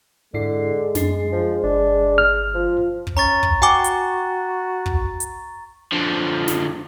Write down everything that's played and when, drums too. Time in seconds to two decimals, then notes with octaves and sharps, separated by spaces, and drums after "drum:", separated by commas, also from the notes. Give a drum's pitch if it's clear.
0.34 G#2 D3 G#3 E4 C7
0.95 F#2 D4 C7, drum: snare
1.32 F3
1.63 G1 D4
2.18 F6
2.54 F3 F4
3.07 drum: kick
3.17 C#4 A#5 C#6 A6
3.43 drum: kick
3.62 F#4 G5 G#5 D6
3.84 drum: hi-hat
4.86 drum: kick
5.20 drum: hi-hat
5.92 D3 F3
6.48 drum: snare